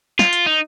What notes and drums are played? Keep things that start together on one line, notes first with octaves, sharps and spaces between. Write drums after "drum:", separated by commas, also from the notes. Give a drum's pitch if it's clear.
F4, drum: snare
drum: hi-hat
D#4